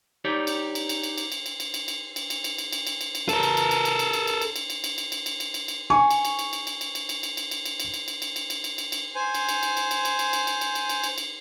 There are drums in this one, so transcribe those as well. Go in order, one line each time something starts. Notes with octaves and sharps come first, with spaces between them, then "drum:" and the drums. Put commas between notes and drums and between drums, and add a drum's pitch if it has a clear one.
D#4 G4 C#5 D5
drum: cymbal
drum: cymbal
drum: cymbal
drum: cymbal
drum: cymbal
drum: cymbal
drum: cymbal
drum: cymbal
drum: cymbal
drum: cymbal
drum: cymbal
drum: cymbal
drum: cymbal
drum: cymbal
drum: cymbal
drum: cymbal
drum: cymbal
drum: cymbal
A4 A#4, drum: cymbal
drum: cymbal
drum: cymbal
drum: cymbal
drum: cymbal
drum: cymbal
drum: cymbal
drum: cymbal
drum: cymbal
drum: cymbal
drum: cymbal
drum: cymbal
drum: cymbal
drum: cymbal
drum: cymbal
drum: cymbal
drum: cymbal
drum: cymbal
G#5 C#6
drum: cymbal
drum: cymbal
drum: cymbal
drum: cymbal
drum: cymbal
drum: cymbal
drum: cymbal
drum: cymbal
drum: cymbal
drum: cymbal
drum: cymbal
drum: cymbal
drum: cymbal
drum: cymbal
drum: cymbal
drum: cymbal
drum: cymbal
drum: cymbal
drum: cymbal
drum: cymbal
drum: cymbal
C5 G#5
drum: cymbal
drum: cymbal
drum: cymbal
drum: cymbal
drum: cymbal
drum: cymbal
drum: cymbal
drum: cymbal
drum: cymbal
drum: cymbal
drum: cymbal
drum: cymbal
drum: cymbal
drum: cymbal